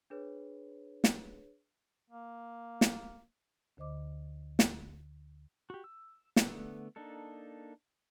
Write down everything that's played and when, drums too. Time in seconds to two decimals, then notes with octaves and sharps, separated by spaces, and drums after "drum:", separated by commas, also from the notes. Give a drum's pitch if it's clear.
0.10 D4 G#4 B4 C#5
1.04 drum: snare
2.10 A#3
2.81 drum: snare
3.77 D2 D3 C5 D#5 D6
4.59 drum: snare
5.70 F#4 G4
5.84 E6
6.36 drum: snare
6.46 D3 A3 B3
6.96 A#3 D4 D#4 A4